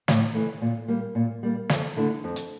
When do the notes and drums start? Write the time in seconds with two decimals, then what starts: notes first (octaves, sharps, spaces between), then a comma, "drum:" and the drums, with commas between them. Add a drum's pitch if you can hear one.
0.08 A2, drum: snare
0.34 E3 A3
0.61 A#2
0.88 G3 A#3
1.15 A#2
1.43 G3 A#3
1.69 F2, drum: snare
1.97 D3 A3 E4
2.24 F2
2.36 drum: hi-hat